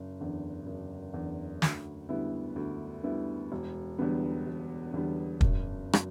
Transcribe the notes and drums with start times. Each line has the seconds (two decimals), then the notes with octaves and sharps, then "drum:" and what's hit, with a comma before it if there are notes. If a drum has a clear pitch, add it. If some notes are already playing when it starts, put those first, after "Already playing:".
Already playing: F#1
0.20 E2 D3
0.66 F#1
1.14 E2 D3
1.62 D2, drum: snare
2.09 D3 G3 B3 E4
2.56 D2
3.03 D3 G3 B3 E4
3.52 E1
3.99 E2 D3 G3 B3
4.47 E1
4.94 E2 D3 G3 B3
5.41 F#1, drum: kick
5.93 F#3, drum: rim click